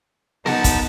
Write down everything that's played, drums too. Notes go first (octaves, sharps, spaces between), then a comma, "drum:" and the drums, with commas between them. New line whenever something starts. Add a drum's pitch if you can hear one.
D#4 A#4 F#5 A5, drum: snare B3
drum: kick, hi-hat